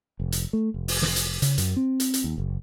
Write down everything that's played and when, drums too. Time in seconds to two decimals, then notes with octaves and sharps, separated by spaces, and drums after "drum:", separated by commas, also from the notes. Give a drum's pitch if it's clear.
0.20 F1
0.32 drum: hi-hat
0.53 A3
0.74 F1
0.88 drum: open hi-hat
1.02 drum: snare
1.16 drum: hi-hat
1.42 C#3, drum: hi-hat
1.58 F#2, drum: hi-hat
1.76 C4
2.00 drum: hi-hat
2.14 drum: hi-hat
2.24 D#2
2.38 F#1